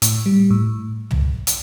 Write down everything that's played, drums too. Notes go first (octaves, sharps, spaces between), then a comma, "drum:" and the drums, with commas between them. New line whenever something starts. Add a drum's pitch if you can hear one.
A2, drum: hi-hat
G3
A2
drum: tom
drum: hi-hat